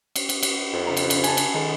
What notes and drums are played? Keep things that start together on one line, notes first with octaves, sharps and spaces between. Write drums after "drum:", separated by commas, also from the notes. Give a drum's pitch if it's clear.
drum: cymbal
drum: cymbal
drum: cymbal
F2
C#3 D4 A#5
drum: cymbal
drum: cymbal
G#5 A5, drum: cymbal
drum: cymbal
D#3 G#3 A4 A#5